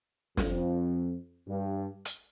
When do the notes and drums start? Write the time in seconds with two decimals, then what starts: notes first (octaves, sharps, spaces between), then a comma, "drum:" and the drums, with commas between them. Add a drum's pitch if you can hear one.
0.37 F2, drum: snare
1.47 G2
2.05 drum: hi-hat